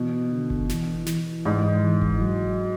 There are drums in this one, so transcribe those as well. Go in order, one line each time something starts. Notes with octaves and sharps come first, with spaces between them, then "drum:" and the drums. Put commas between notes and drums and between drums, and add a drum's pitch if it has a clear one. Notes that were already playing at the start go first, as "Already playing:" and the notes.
Already playing: B2 E3
D3
drum: kick F#1
E3, drum: snare
E3, drum: snare
G#2
E3
drum: kick F#1
F#3